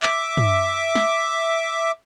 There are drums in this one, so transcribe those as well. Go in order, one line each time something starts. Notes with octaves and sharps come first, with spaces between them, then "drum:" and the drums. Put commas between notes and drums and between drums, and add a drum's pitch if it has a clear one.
E5 D6, drum: clap
drum: tom
drum: snare